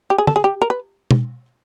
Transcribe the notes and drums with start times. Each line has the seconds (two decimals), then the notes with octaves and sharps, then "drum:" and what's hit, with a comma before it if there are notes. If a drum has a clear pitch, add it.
0.10 G4
0.18 G#4
0.27 A4, drum: tom
0.36 G#4
0.44 G4
0.62 A#4
0.70 B4
1.11 drum: tom B2